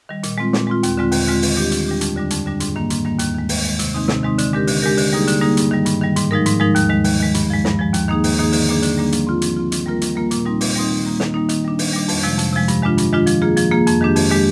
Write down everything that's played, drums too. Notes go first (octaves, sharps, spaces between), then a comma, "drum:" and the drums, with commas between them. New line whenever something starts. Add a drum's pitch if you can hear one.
D#3 G3
A#2, drum: hi-hat
G#3 C4 F4
A#2, drum: snare
G#3 C4 F4
D#2, drum: hi-hat
D3 G#3 C4 F4
D#2, drum: open hi-hat
D3 G#3 C4 F4
D#3, drum: open hi-hat
G3 D4 G4
D#3, drum: hi-hat
G3 D4 G4
F2, drum: hi-hat
D3 G3 D4
F2, drum: hi-hat
D3 G3 D4
G#2, drum: hi-hat
D#3 G3 A#3
G#2, drum: hi-hat
D#3 G3 A#3
D#2, drum: hi-hat
D#3 G#3
D#2, drum: open hi-hat
D#3 G#3
C3, drum: hi-hat
D#3 G#3 C4 D#4
C3, drum: snare
D#3 G#3 C4 D#4
D3, drum: hi-hat
G#3 D4 G4 A#4
D3, drum: open hi-hat
G#3 D4 G4 A#4
D3, drum: open hi-hat
G3 A#3 D#4 G#4
D3, drum: hi-hat
G3 A#3 D#4 G#4
G2, drum: hi-hat
D#3 G3
G2, drum: hi-hat
D#3 G3
G#2, drum: hi-hat
F3 G#3 D#4 A#4
G#2, drum: hi-hat
F3 G#3 D#4 A#4
D#2, drum: hi-hat
D#3 G#3
D#2, drum: open hi-hat
D#3 G#3
G2, drum: hi-hat
F3 G#3
G2, drum: snare
F3 G#3
D#2, drum: hi-hat
D#3 A#3 D#4 G#4
D#2, drum: open hi-hat
D#3 A#3 D#4 G#4
D3, drum: open hi-hat
G3 A#3 D4 G#4
D3, drum: hi-hat
G3 A#3 D4 G#4
F3, drum: hi-hat
C4 F4
F3, drum: hi-hat
C4 F4
D#3, drum: hi-hat
G3 A#3 F4 A#4
D#3, drum: hi-hat
G3 A#3 F4 A#4
A#2, drum: hi-hat
G3 C4 D#4
A#2, drum: open hi-hat
G3 C4 D#4
D#3
G3 A#3 D#4
D#3, drum: snare
G3 A#3 D#4
D#3, drum: hi-hat
G3 D4
D#3, drum: open hi-hat
G3 D4
F2, drum: open hi-hat
C3 F3 G#3
F2, drum: hi-hat
C3 F3 G#3
G2, drum: hi-hat
D#3 G#3 D4 F4
G2, drum: hi-hat
D#3 G#3 D4 F4
F3, drum: hi-hat
A#3 F4 G#4
F3, drum: hi-hat
A#3 F4 G#4
F2, drum: hi-hat
D#3 G#3 D4 G4
F2, drum: open hi-hat
D#3 G#3 D4 G4